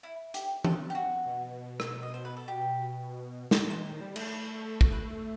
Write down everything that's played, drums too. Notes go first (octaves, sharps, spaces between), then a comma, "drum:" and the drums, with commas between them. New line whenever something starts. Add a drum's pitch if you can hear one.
E4
G4, drum: hi-hat
A4, drum: tom E3
G4
F#4
B2
drum: rim click
D#5
C5
B4
A4
G4
drum: snare
E3 C5
D#3
G3
A3, drum: cymbal
drum: kick
B4